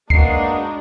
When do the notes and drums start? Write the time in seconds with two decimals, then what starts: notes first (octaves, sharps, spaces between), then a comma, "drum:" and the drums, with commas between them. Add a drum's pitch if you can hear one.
0.10 G#3 A#3 B3 D4 D#4 F#4 C7, drum: kick